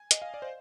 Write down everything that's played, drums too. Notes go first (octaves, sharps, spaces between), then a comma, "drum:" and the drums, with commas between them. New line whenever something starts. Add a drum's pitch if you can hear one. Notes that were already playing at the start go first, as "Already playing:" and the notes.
Already playing: G#5
D#5, drum: hi-hat
F5
D5
C5